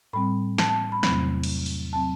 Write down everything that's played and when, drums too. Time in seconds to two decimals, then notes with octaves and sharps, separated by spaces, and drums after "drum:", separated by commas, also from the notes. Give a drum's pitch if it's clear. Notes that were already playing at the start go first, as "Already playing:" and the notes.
0.13 A2 G3 C4 B5
0.58 A5, drum: snare
0.70 A5
0.92 B5
1.03 E2 C3 F#3 A3 C4 B5, drum: snare
1.43 drum: cymbal
1.66 drum: open hi-hat
1.93 F#3 C4 A5